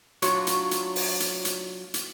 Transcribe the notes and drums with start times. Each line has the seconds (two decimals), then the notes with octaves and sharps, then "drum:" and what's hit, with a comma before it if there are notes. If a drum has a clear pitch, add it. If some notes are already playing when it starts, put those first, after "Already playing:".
0.22 F#3 D4 F4 C#5, drum: hi-hat
0.47 drum: hi-hat
0.71 drum: hi-hat
0.96 drum: open hi-hat
1.20 drum: hi-hat
1.45 drum: hi-hat
1.94 drum: hi-hat